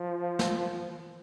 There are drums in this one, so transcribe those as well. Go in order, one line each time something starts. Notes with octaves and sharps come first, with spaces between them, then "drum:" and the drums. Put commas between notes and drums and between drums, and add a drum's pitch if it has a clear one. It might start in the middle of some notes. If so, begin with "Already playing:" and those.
Already playing: F3
drum: snare